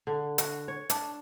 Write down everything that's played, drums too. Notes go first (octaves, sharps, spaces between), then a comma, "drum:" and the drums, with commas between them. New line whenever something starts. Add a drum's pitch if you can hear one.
D3
F#4, drum: hi-hat
C#5
D4, drum: hi-hat